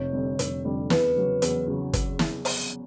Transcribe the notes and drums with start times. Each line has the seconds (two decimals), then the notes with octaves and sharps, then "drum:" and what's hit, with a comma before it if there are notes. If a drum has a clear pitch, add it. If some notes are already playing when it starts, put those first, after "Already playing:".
Already playing: F1 C#5
0.13 F2 D3 G3
0.39 F1, drum: hi-hat
0.65 F2 D3 G3
0.90 E2 B4, drum: snare
1.17 C#3 F#3
1.42 E2, drum: hi-hat
1.68 C#3 F#3
1.93 drum: kick, hi-hat
2.19 drum: snare
2.45 drum: open hi-hat